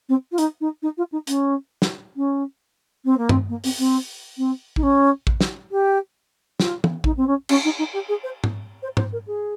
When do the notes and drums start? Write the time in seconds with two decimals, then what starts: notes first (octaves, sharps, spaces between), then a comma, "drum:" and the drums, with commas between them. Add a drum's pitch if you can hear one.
0.09 C4
0.31 F4
0.38 D#4, drum: hi-hat
0.60 D#4
0.82 D#4
0.97 F4
1.12 D#4
1.27 C#4, drum: hi-hat
1.82 drum: snare
2.16 C#4
3.04 C4
3.17 A#3
3.29 C4, drum: tom G2
3.49 A#3
3.64 C4, drum: open hi-hat
3.78 C4
4.37 C4
4.76 D#4, drum: kick A1
4.83 C#4
5.27 drum: kick A1
5.41 drum: snare
5.71 G4
6.60 F4, drum: snare
6.84 drum: tom
7.04 D#4, drum: kick A1
7.17 C4
7.27 C#4
7.49 C#4, drum: cymbal
7.64 D#4
7.78 D#4
7.93 G4
8.08 G#4
8.23 C5
8.44 drum: tom G#2
8.82 C5
8.97 C5, drum: tom G#2
9.12 A#4
9.27 G#4